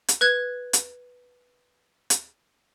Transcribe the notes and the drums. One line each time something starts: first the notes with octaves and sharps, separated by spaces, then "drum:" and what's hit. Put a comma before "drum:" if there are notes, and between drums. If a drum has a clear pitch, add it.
drum: hi-hat
B4 F#6 G#6
drum: hi-hat
drum: hi-hat